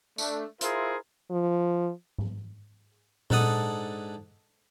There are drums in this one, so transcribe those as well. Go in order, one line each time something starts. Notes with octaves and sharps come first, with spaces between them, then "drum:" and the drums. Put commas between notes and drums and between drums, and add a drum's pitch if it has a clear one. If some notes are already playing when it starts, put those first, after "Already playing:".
A3 D4, drum: tambourine
E4 F4 G#4 A#4 C5 E5, drum: hi-hat
F3
drum: tom G#2
G#2 D4 A4 F#5 D#6, drum: tom A#2